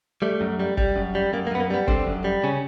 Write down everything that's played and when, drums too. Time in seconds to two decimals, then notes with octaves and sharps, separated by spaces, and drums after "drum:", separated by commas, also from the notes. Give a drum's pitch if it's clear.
0.22 G3 A3
0.41 F#2
0.59 G3
0.77 G3, drum: kick
0.96 F#2
1.15 G3
1.33 F#2 A#3
1.47 A#3
1.51 F#2 B3
1.60 A#3
1.70 G3 B3
1.88 D3 C4, drum: kick
2.07 F#2
2.24 G3
2.44 C#3 C#4